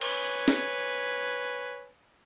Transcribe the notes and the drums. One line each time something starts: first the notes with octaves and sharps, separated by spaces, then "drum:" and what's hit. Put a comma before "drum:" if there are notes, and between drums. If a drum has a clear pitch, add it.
B4 C#5 G#5, drum: cymbal
drum: snare